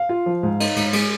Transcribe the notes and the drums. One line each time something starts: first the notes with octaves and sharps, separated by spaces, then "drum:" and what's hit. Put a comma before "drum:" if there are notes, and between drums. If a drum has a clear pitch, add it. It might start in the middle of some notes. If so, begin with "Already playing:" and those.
Already playing: F5
F4
F3
G#2
D#4, drum: cymbal
G#2, drum: cymbal
G#3, drum: cymbal